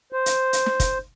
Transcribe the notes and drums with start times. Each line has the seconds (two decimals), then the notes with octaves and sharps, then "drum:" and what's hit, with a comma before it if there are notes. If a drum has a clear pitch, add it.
0.12 C5
0.26 drum: hi-hat
0.53 drum: hi-hat
0.66 drum: snare
0.80 drum: kick, hi-hat